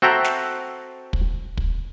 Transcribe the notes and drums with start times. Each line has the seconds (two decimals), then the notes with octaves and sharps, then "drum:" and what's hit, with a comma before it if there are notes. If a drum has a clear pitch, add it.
0.02 C4 F#4 A4 E5 G5 A#5
0.24 drum: snare
1.13 drum: kick
1.57 drum: kick